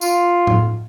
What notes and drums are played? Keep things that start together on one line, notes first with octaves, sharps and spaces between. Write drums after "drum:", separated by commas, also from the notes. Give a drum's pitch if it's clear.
F4, drum: tambourine
drum: tom A2